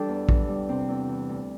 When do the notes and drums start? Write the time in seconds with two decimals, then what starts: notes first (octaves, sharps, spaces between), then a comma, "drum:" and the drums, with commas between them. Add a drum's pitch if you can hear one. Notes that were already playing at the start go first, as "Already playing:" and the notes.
Already playing: E3 G3 D4 G4 A4
0.09 E2
0.29 E3, drum: kick
0.48 G3
0.69 C3 C4
0.89 E2
1.09 E3
1.29 D2